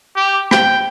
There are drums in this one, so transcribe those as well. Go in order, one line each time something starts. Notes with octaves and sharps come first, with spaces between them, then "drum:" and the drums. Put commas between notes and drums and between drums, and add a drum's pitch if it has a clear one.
G4
G5, drum: rim click